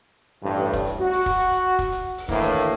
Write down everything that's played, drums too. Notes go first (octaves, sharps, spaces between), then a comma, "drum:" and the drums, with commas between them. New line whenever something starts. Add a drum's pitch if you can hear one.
A1 G2
drum: kick, hi-hat
drum: hi-hat
F#4
drum: open hi-hat
drum: kick, hi-hat
drum: hi-hat
drum: hi-hat
drum: kick, hi-hat
drum: hi-hat
drum: open hi-hat
D2 A2 D#3 E3 A#3, drum: kick, hi-hat
drum: hi-hat
drum: hi-hat